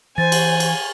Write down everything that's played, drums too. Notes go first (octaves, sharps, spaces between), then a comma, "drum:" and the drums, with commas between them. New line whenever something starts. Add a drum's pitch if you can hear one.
E3 C5 G#5 A6
drum: cymbal
drum: cymbal